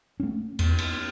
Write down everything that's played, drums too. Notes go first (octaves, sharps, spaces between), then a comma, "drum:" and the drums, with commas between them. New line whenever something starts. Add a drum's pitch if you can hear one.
A3 C#4
E2, drum: cymbal
drum: cymbal